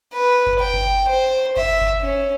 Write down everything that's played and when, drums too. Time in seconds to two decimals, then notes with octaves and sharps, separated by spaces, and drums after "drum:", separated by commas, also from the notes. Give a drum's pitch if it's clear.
0.13 B4
0.46 drum: kick F#1
0.60 G5
0.73 drum: kick F#1
1.09 C5
1.57 E5, drum: kick F#1
1.81 drum: kick F#1
2.01 C#4